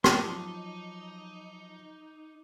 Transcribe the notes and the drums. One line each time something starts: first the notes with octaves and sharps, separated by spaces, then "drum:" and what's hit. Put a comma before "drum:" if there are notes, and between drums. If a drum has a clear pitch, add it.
F3 F#3 D#4 D#5 A5 D6, drum: rim click